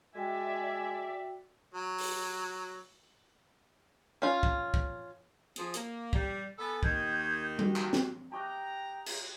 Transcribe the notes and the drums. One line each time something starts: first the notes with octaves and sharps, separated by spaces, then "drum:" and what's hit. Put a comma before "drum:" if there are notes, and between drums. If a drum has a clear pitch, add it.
G#3 F#4 D5 E5 G5 G#5
F#3
drum: open hi-hat
C#4 F4
drum: kick
drum: kick
F3 G#4, drum: hi-hat
A#3, drum: hi-hat
G3, drum: kick
B3 A4 G#5 B5
D#2 D#3 G6 G#6, drum: kick
F#4 G4, drum: tom G3
drum: clap
drum: snare
G4 D#5 F#5 G5 A5 A#5 C#6 D6
drum: cymbal